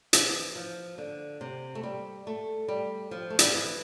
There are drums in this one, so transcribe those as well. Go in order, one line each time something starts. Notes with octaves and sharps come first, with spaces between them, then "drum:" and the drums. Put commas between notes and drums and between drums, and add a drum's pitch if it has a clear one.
E3, drum: hi-hat
F3
D3
C3
A3
G3
A3
G3
F3
A3
G3, drum: hi-hat
F3
E3